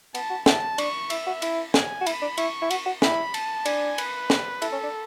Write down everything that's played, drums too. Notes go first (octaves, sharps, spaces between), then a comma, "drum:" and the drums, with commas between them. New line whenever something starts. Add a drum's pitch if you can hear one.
B3 A5, drum: cymbal
F#4
E4 A5, drum: snare
D4 C#6, drum: cymbal
E4 E5, drum: cymbal
F#4
E4, drum: cymbal
G#5, drum: snare
F#4
E4 B5, drum: cymbal
D4
E4 C#6, drum: cymbal
E4
F#4, drum: cymbal
F#4
E4 B5, drum: snare
A5, drum: cymbal
D4 G#5, drum: cymbal
B4, drum: cymbal
drum: snare
E4 A4, drum: cymbal
C#4
D4